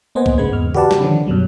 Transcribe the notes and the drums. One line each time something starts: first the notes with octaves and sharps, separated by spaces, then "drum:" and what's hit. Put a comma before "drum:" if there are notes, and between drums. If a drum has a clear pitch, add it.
A#3 B3 C5 D#5 F#5 G#5
drum: kick B1
G#2 C#3 G#3 B3 B4 G#6
E2 F6
F#4 G4 B4 D5 F#5 A5, drum: tom C#3
drum: snare
D3 D#3 F3 C#4 D4
F#2 B2 F#3 G3